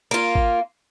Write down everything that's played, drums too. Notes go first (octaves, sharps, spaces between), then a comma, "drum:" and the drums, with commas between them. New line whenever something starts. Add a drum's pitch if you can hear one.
A#3 F4
drum: kick G#1